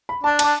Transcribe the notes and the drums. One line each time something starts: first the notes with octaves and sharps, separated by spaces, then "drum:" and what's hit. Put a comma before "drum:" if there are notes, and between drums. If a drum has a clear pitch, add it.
B5
D4 A5
A5, drum: cymbal
D4